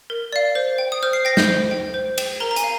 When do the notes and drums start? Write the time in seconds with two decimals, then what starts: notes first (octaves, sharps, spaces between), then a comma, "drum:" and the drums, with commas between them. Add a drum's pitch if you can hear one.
0.10 A#4
0.33 D5 F5
0.55 C5
0.78 G5
0.92 D#6
1.03 C5 F6
1.13 C7
1.25 G5 A#6
1.37 G6, drum: snare
1.48 C5
1.71 G5
1.94 C5
2.18 G5, drum: cymbal
2.40 A#4 A#5
2.51 A#5
2.56 G#5, drum: hi-hat
2.64 F5